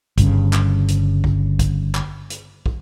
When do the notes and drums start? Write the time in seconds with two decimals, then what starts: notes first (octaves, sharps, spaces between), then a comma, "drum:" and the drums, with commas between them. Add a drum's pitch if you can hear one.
0.18 G1 G2 C#3, drum: kick, hi-hat
0.53 drum: clap
0.88 drum: hi-hat
1.24 drum: kick
1.59 drum: kick, hi-hat
1.95 drum: clap
2.30 drum: hi-hat
2.66 drum: kick